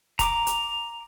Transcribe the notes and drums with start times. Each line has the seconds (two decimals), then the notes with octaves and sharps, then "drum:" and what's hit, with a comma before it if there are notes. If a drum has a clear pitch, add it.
0.19 A#5 D6, drum: kick E1, hi-hat
0.47 drum: hi-hat